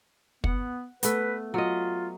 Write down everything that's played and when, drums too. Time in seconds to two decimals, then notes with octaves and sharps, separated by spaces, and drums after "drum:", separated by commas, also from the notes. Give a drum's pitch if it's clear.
0.44 B3 F#5, drum: kick
1.03 A3 B3 B4, drum: hi-hat
1.54 F#3 F4 D#5